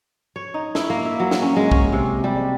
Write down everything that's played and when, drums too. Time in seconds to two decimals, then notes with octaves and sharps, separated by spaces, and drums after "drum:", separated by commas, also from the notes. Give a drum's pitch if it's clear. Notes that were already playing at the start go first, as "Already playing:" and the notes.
0.36 C#5
0.54 D#4
0.75 E4, drum: snare
0.90 A#3
1.05 E5
1.20 F#3
1.31 drum: snare
1.42 C#4
1.56 G#3
1.71 C#4, drum: kick
1.92 C3
2.24 G3